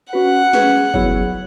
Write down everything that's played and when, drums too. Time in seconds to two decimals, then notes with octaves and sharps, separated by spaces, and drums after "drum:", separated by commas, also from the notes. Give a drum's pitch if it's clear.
0.13 C#4 F#4 B4 F#5
0.53 C#4 G#4 B4, drum: snare
0.94 F#3 B3 E4 G#4 C#5, drum: kick